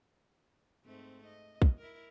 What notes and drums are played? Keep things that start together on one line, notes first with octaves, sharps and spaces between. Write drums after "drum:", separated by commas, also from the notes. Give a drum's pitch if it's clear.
G#2 A3 C4
D#5
drum: kick
E4 A#4